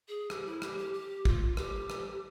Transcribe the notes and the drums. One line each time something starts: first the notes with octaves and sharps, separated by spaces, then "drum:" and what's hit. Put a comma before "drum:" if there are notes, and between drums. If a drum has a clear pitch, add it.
G#4
G4, drum: rim click
E4
G4, drum: rim click
G4
G4
F4, drum: kick
G4, drum: rim click
drum: rim click